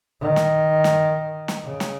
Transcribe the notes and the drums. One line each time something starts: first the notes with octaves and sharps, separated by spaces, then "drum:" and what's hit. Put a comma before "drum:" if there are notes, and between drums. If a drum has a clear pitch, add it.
D#3
drum: snare
drum: snare
drum: snare
C#3
drum: snare